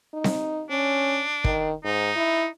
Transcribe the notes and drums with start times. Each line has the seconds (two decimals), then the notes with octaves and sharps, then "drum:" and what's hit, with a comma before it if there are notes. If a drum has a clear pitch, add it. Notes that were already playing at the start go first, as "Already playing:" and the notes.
0.14 D#4
0.24 drum: snare C4
0.70 C#4 D4
1.44 D#3, drum: kick
1.85 G#2 D#4
2.16 E4